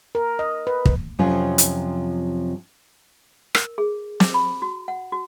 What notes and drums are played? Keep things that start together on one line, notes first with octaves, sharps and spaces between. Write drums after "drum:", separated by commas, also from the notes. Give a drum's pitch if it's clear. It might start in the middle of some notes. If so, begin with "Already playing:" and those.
A#4
D#5
B4
drum: kick
F2 C3 F3 F#3 C#4 F4
drum: hi-hat
A#4, drum: rim click
G#4
D6, drum: snare
B5
F#4
F#5
F#4